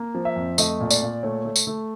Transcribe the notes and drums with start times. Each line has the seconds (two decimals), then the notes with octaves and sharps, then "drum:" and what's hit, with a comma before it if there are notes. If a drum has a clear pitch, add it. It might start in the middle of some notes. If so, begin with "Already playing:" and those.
Already playing: A#3
0.15 F3
0.25 E5
0.36 F2
0.58 A3 D#5, drum: tambourine
0.80 A#2
0.90 D5, drum: tambourine
1.02 A#2
1.23 A3 C#5
1.45 A3
1.56 drum: tambourine
1.67 A3